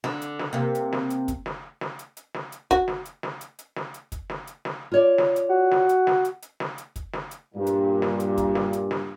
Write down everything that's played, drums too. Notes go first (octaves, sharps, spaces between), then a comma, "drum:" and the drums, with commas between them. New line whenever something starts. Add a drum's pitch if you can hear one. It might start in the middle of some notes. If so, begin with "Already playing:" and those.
D3, drum: snare
drum: hi-hat
drum: snare
C3 A#3
drum: hi-hat
drum: snare
drum: hi-hat
drum: kick, hi-hat
drum: snare
drum: snare
drum: hi-hat
drum: hi-hat
drum: snare
drum: hi-hat
F#4, drum: kick, hi-hat
drum: snare
drum: hi-hat
drum: snare
drum: hi-hat
drum: hi-hat
drum: snare
drum: hi-hat
drum: kick, hi-hat
drum: snare
drum: hi-hat
drum: snare
F4 C#5 D5
drum: snare
drum: hi-hat
F#4
drum: snare
drum: hi-hat
drum: snare
drum: hi-hat
drum: hi-hat
drum: snare
drum: hi-hat
drum: kick, hi-hat
drum: snare
drum: hi-hat
G2 A#2
drum: hi-hat
drum: snare
drum: hi-hat
drum: kick, hi-hat
drum: snare
drum: hi-hat
drum: snare